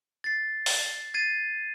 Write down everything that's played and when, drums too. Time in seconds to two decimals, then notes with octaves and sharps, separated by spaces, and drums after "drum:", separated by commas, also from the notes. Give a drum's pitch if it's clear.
0.24 A6 C7
0.66 drum: open hi-hat
1.14 G#6 A6 C7 D#7